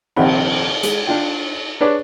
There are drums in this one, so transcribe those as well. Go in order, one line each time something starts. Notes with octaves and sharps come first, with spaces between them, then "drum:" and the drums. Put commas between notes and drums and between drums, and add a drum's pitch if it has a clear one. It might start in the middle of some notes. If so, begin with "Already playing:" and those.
A#1 C3 D#3 C4 F#5 B5, drum: cymbal
G#3, drum: hi-hat
D4 F4 G5
D4 G#4 B4 C#5 D5